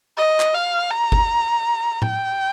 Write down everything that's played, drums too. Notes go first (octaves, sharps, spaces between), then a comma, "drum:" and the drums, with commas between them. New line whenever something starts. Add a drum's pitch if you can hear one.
D#5
drum: clap
F5
A#5
drum: kick G1
G5, drum: tom A2